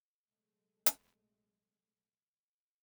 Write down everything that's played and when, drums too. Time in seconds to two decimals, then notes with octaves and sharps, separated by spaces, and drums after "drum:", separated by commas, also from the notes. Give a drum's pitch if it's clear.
0.25 A#1 C3 F#3 G#3 A3
0.86 drum: hi-hat